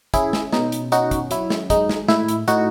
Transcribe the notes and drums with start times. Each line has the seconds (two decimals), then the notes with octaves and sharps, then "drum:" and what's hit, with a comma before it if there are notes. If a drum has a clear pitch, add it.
0.14 C#4 E4 G#4, drum: kick, hi-hat
0.33 drum: snare
0.53 B2 D#4, drum: snare
0.72 drum: hi-hat
0.92 C#4 D#4 F#4, drum: hi-hat
1.11 drum: kick, hi-hat
1.31 F#3 E4, drum: hi-hat
1.50 drum: snare
1.70 G#3 D#4, drum: kick, hi-hat
1.89 drum: snare
2.08 A2 E4, drum: snare
2.28 drum: hi-hat
2.48 A2 D#4 F#4, drum: hi-hat